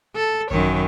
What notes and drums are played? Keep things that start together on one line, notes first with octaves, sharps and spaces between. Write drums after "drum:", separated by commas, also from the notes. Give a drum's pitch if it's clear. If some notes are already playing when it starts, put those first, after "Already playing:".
A4
F#2 D#3 C#5, drum: kick G#1